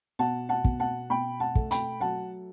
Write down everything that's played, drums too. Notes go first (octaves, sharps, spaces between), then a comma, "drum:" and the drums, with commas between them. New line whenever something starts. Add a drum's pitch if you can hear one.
B2 F#5 A5
F#5 A5
B2, drum: kick
F#5 A5
B2 G5 B5
F#5 A5
A3, drum: kick
G5 B5, drum: hi-hat
F#3 F#5 A5